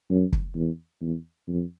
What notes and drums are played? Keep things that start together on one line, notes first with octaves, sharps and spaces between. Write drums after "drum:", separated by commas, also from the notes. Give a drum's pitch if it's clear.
F#2
drum: kick
E2
E2
F2